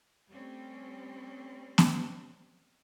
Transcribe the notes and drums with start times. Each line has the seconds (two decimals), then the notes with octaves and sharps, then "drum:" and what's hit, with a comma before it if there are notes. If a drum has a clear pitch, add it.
0.30 G3 A3 C4 C#4
1.78 drum: snare B3